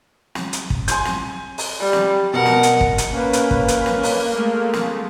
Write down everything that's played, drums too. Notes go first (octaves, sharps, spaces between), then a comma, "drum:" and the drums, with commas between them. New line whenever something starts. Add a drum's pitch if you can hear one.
drum: snare
drum: hi-hat
drum: kick
G#5 C6 G6, drum: hi-hat
drum: snare
drum: open hi-hat
G3
drum: snare
B2 A#4 F#5
drum: snare
drum: hi-hat
drum: kick
drum: hi-hat
A#3 C#4 B4
drum: hi-hat
drum: kick
drum: hi-hat
drum: snare
drum: open hi-hat
G#3 A3
drum: snare